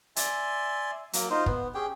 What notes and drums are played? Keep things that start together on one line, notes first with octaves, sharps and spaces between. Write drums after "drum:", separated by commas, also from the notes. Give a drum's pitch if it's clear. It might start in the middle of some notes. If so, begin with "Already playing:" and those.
D5 E5 G#5 C6, drum: hi-hat
F#3 A#3, drum: hi-hat
D#4 F4 C5
B3, drum: kick
C#4 G4 G#4 G5